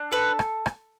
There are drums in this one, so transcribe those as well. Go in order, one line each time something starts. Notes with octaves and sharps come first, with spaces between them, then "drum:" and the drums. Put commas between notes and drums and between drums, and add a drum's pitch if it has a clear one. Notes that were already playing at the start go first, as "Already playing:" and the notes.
Already playing: D4
A4 B4
drum: rim click
drum: rim click